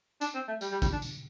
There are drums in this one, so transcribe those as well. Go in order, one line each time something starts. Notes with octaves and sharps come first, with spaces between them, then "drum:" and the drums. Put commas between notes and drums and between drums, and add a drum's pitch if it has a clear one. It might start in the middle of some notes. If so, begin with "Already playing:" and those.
D4, drum: tambourine
C4
A3
G3, drum: tambourine
G3
G3, drum: kick, tambourine
D4
drum: tambourine